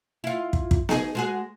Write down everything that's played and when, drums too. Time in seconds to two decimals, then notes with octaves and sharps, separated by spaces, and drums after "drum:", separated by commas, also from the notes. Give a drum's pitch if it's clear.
0.24 E4 F4
0.53 drum: kick
0.71 drum: kick
0.89 D#4 G#4, drum: snare B3
1.15 G#3 F#4 G#4